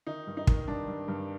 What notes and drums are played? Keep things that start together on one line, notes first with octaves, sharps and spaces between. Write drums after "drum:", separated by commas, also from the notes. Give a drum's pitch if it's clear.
D#3 D#4
G2
D#4
D#3, drum: kick
G2 D4
G2
G2